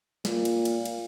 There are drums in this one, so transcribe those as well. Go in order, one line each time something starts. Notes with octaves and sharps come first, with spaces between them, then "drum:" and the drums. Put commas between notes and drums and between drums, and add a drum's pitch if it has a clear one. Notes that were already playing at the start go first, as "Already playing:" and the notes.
A#2, drum: snare
drum: cymbal
drum: cymbal
drum: cymbal